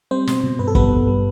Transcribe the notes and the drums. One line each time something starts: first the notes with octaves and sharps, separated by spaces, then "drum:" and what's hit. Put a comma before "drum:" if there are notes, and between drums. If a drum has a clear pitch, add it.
G3 C4 C5
B2, drum: snare
B2
G2 B4
A4
G3 B3 B4, drum: kick
G2
G3